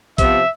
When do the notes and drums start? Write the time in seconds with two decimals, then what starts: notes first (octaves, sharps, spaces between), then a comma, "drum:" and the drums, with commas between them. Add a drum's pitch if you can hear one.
0.18 C3 F3 B3 E5, drum: kick, hi-hat